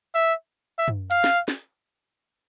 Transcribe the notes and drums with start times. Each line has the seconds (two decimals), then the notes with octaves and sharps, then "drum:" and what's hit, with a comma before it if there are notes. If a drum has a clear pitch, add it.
0.15 E5
0.78 E5
0.88 drum: tom
1.11 F5, drum: hi-hat
1.24 drum: snare
1.48 drum: snare